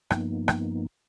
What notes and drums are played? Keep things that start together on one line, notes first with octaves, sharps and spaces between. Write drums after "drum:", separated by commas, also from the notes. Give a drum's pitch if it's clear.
G2 F3 A#3 B3 D#4, drum: rim click
drum: rim click